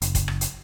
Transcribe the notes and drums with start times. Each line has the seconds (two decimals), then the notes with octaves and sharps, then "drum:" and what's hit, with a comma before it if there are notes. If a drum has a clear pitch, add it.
0.02 F#1, drum: hi-hat
0.15 drum: kick, hi-hat
0.28 drum: rim click
0.41 drum: hi-hat